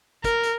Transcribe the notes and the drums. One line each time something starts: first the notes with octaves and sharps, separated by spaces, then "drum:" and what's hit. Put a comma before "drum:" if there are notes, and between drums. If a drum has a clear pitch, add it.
A#4, drum: kick, hi-hat
drum: hi-hat